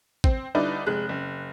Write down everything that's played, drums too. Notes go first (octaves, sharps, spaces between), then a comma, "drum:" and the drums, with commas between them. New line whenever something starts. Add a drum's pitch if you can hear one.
C4, drum: kick A1
D3 G3 D#4 E4 B4 D5
F1 G#3 F#6
F#1